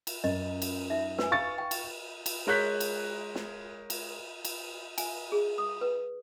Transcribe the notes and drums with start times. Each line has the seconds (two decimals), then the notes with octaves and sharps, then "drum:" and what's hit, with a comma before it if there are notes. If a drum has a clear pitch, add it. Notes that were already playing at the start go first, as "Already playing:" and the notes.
0.07 drum: cymbal
0.24 F#2 D#5
0.62 drum: cymbal
0.90 D#4 E5
1.19 B4 G#5, drum: snare
1.31 F5 C#6 A6
1.58 G5
1.71 drum: cymbal
2.26 drum: cymbal
2.47 G#3 A#4 C#5 F#6 G6 B6
2.80 drum: cymbal
3.35 drum: snare
3.90 drum: cymbal
4.45 drum: cymbal
4.98 G#5, drum: cymbal
5.32 G#4
5.58 D#6
5.81 B4